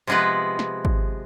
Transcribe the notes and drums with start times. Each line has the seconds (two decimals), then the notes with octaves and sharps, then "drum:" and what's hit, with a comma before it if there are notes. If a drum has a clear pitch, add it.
0.07 C3 F3 G#3 B3 B4
0.59 drum: snare
0.85 drum: kick